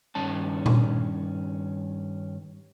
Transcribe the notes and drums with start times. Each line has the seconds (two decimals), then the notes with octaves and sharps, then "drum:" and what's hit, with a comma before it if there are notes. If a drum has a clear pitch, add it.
0.15 G2 D#3 C#4 A5
0.66 drum: tom A#2